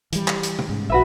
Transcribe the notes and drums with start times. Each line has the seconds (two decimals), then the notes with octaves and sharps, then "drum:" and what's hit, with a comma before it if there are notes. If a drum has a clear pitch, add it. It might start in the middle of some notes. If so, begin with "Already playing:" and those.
0.12 E3 G3, drum: hi-hat
0.28 drum: clap
0.43 drum: hi-hat
0.58 drum: tom C3
0.69 G#2 C#3
0.90 A#1 F#4 B4 E5